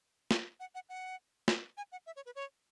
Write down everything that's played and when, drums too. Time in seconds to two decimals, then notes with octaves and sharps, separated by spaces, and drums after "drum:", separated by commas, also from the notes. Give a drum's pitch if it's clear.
0.31 drum: snare
0.60 F#5
0.75 F#5
0.89 F#5
1.48 drum: snare
1.77 G#5
1.92 F#5
2.06 E5
2.16 C#5
2.26 B4
2.36 C#5